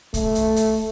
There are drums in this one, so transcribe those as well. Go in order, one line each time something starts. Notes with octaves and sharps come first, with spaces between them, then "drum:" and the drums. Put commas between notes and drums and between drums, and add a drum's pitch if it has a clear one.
A3, drum: kick, hi-hat
drum: hi-hat
drum: hi-hat